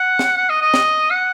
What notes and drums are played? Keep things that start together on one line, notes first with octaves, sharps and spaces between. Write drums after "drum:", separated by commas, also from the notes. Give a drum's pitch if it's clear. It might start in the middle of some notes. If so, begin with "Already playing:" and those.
Already playing: F#5
drum: snare
F#5
D#5
D#5
drum: snare
F#5